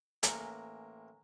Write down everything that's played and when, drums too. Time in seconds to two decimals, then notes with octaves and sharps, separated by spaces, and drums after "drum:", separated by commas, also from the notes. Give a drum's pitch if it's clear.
0.23 A1 A#3 G#5 A#5, drum: hi-hat